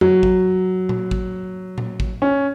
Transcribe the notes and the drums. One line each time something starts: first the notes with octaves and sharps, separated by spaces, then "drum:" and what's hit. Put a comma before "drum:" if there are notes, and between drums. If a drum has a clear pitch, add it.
F#3, drum: tom F2
drum: kick
drum: tom A#2
drum: kick
drum: tom A#2
drum: kick
C#4